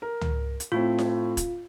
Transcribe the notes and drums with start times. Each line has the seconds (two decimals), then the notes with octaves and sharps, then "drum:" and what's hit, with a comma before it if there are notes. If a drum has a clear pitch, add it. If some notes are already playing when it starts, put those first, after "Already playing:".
0.02 A#4
0.21 drum: tom C#2
0.60 drum: hi-hat
0.72 A2 A3 C4 F4
0.98 drum: snare E4
1.37 drum: kick, hi-hat